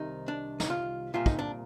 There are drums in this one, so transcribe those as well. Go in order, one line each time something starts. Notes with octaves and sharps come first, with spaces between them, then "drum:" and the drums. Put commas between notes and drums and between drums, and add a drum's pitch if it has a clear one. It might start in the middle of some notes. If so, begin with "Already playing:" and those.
Already playing: C2 C3 D#3 D#4
D4
D#4, drum: snare
F4
C2 A#2 F4
D#4, drum: kick
D4